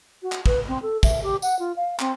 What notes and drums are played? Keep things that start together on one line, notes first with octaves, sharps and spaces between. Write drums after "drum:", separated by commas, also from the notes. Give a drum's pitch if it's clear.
F#4
drum: clap
B4, drum: kick
C4
A4
E5, drum: kick, tambourine
G4
F#5, drum: tambourine
F4
F5
C4, drum: clap